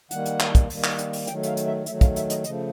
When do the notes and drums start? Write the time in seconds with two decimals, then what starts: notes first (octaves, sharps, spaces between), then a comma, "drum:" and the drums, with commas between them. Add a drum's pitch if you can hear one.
0.11 D#3 G3 A#3 F#5, drum: hi-hat
0.26 drum: hi-hat
0.40 drum: clap
0.55 drum: kick, hi-hat
0.70 D#3 G3 A#3, drum: open hi-hat
0.84 drum: clap
0.99 drum: hi-hat
1.13 drum: open hi-hat
1.27 D#3 F#3 A3 G5, drum: hi-hat
1.43 E5, drum: hi-hat
1.47 F5
1.57 drum: hi-hat
1.67 E5
1.86 D#3 F#3 A3 E5, drum: hi-hat
2.01 F5, drum: kick, hi-hat
2.16 E5, drum: hi-hat
2.30 D#5, drum: hi-hat
2.44 C#3 F3 A3 D#5, drum: hi-hat